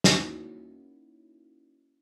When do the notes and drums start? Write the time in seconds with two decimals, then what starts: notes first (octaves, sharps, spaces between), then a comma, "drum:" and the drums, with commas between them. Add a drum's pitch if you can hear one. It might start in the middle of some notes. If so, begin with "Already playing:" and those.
0.04 A#3 C#4 D#4 E4 F#4, drum: snare